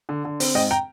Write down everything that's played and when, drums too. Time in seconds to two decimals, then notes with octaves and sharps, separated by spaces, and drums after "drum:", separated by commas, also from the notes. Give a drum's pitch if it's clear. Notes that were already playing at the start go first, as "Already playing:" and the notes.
0.09 D3
0.25 D3
0.40 C4, drum: open hi-hat
0.55 G#2 D#5 G5
0.71 G5 A#5